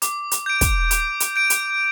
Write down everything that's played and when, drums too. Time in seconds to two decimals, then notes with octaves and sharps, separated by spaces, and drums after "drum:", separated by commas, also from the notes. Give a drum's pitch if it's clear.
0.02 D6, drum: hi-hat
0.31 drum: hi-hat
0.46 G6 D7
0.61 drum: kick, hi-hat
0.91 D6, drum: hi-hat
1.20 drum: hi-hat
1.36 G6 D7
1.50 drum: hi-hat